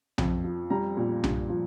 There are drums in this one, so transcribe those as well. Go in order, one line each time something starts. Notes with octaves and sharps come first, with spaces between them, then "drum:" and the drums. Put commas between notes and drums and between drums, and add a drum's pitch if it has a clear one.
F2, drum: tom B1
F3
G3 A#5
A#2
G2, drum: tom B1
F3